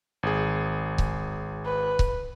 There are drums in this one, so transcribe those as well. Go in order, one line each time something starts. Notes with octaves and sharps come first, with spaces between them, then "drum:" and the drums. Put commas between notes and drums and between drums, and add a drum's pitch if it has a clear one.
G#1 G#4
drum: kick C#1
B4
drum: kick C#1